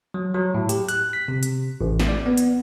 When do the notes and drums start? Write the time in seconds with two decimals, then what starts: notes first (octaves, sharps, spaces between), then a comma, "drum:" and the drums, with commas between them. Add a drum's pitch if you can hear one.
0.14 F#3
0.34 F#3
0.55 A2
0.69 G4, drum: hi-hat
0.89 F#6, drum: hi-hat
1.13 B6
1.28 C3
1.43 drum: hi-hat
1.81 A1
2.00 drum: snare
2.09 D5
2.26 B3
2.37 drum: hi-hat